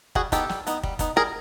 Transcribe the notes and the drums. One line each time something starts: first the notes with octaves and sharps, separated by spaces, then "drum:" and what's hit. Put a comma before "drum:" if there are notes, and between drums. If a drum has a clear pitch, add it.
G3 F#4 G#4, drum: kick
B3 D#4 G4 A4, drum: kick, hi-hat
G3, drum: snare
B3 D#4, drum: hi-hat
G3, drum: kick
B3 D#4, drum: kick, hi-hat
G3 G#4 A#4